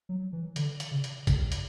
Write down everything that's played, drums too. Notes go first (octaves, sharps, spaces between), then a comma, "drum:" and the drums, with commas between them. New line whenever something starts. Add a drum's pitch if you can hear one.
F#3
E3
D3, drum: hi-hat
drum: hi-hat
C#3
drum: hi-hat
C#3, drum: kick, hi-hat
drum: hi-hat